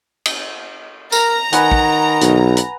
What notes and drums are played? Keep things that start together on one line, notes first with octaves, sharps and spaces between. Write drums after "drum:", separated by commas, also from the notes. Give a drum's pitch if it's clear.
drum: cymbal
A#4 A#5, drum: tambourine
D#3 B4 F#5 G#5, drum: hi-hat
drum: kick
B1, drum: hi-hat
drum: hi-hat